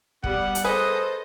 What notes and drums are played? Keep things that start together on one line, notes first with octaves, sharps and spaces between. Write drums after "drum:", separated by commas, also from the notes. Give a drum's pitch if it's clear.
G3 B3 F#5, drum: kick
drum: hi-hat
G#4 A4 B4 C5 D#5 D#6